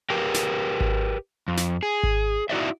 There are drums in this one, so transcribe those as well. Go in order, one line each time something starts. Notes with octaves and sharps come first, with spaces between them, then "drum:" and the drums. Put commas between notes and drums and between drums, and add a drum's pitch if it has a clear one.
G4 A#4 B4 G5
drum: snare
drum: kick G#1
F2
drum: snare
G#4
drum: kick G#1
D#4 E4 F#4 C#5 D5 E5